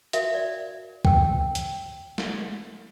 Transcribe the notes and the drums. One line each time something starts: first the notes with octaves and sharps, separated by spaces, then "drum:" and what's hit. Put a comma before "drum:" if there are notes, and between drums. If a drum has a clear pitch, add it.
F#4 A#4 E5 F5, drum: hi-hat
D5
G5 E6, drum: kick
drum: hi-hat
drum: snare